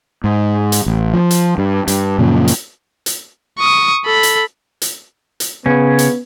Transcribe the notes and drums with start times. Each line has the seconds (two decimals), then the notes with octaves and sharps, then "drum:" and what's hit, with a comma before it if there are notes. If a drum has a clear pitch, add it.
0.24 G#2
0.72 drum: hi-hat
0.86 A1
1.14 F3
1.31 drum: hi-hat
1.58 G2
1.88 G2, drum: hi-hat
2.18 F#2 A#2 C#3 F3
2.48 drum: hi-hat
3.06 drum: hi-hat
3.59 C#6 D#6
4.05 A4 B5
4.23 drum: hi-hat
4.82 drum: hi-hat
5.40 drum: hi-hat
5.66 C#3 B3 C#4
5.99 drum: hi-hat